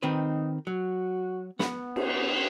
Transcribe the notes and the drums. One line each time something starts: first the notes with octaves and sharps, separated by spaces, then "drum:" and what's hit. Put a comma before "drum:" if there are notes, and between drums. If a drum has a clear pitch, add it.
D#3 C4 D#4 B4
F#3 F#4
B3 F#5 B5, drum: snare
drum: cymbal